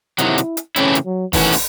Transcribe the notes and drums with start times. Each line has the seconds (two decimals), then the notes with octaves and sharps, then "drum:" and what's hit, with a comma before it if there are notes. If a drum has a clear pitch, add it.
0.18 C3 D#3 F#3 E4, drum: hi-hat
0.38 drum: hi-hat
0.57 drum: hi-hat
0.76 C#3 E3 A3 C4 C#4 E4, drum: hi-hat
0.95 drum: hi-hat
1.05 F#3
1.33 D#3 E3 A3 C#4 F#4, drum: kick, open hi-hat
1.52 drum: open hi-hat